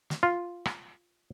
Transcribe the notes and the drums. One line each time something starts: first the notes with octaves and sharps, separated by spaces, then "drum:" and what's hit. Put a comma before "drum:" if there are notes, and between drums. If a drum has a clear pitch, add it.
drum: snare
F4
drum: rim click